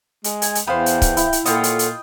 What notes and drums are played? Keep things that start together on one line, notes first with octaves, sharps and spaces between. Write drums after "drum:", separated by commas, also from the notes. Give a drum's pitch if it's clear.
G#3, drum: hi-hat
G#5, drum: hi-hat
drum: hi-hat
E2 B3 C5 F5 G5 B5
drum: hi-hat
drum: kick C#1, hi-hat
E4, drum: hi-hat
drum: hi-hat
A#2 F4 A4 C#5 D#5 F#5 G5, drum: hi-hat
drum: hi-hat
drum: hi-hat